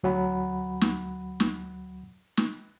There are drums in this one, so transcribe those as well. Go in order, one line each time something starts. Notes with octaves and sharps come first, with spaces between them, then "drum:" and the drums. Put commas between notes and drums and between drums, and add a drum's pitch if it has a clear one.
D2 F#3 F#5 B5
drum: snare
drum: snare
drum: snare